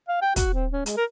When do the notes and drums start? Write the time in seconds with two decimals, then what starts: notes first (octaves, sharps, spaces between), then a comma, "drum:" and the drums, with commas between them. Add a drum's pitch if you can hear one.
0.09 F5
0.22 G5
0.36 F#4, drum: kick, hi-hat
0.54 C4
0.73 C#4
0.86 G#3, drum: hi-hat
0.97 A#4